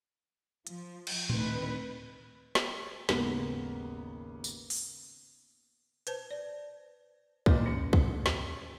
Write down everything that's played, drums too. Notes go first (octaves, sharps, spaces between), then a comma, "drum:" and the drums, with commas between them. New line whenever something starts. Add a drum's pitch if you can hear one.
F3, drum: hi-hat
drum: cymbal
D2 D#3 C4 B4, drum: tom A2
drum: snare
G#1 D#2 C#3 A#3 B3, drum: snare
drum: tambourine
drum: open hi-hat
B4 C5 A5, drum: hi-hat
D5
A#2 C#4 B4 D#5, drum: kick
E3 C#4 C#7
drum: kick
drum: snare